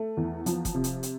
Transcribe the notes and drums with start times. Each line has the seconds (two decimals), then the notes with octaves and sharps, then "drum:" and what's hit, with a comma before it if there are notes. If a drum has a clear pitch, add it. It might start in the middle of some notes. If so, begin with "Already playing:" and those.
Already playing: A3
0.17 E2
0.46 F3, drum: hi-hat
0.65 drum: kick E1, hi-hat
0.74 C3
0.84 drum: hi-hat
1.03 drum: hi-hat